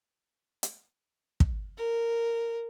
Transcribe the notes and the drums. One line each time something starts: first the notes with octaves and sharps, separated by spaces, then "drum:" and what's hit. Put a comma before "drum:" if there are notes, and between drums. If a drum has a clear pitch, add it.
drum: hi-hat
drum: kick
A#4